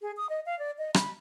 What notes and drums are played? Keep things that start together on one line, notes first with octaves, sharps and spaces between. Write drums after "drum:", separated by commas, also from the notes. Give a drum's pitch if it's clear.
G#4
D#6
D#5
F5
D5
D#5
B5, drum: rim click